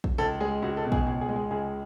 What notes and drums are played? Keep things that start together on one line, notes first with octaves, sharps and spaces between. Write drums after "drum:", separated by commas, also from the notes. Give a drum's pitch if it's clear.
drum: kick A#1
C#2 A4
G#3 G#4
C#2 F#4
A4
B2
G#4, drum: kick A#1
C#2 G#4
G#4
G#3
G#4
C#2 G#4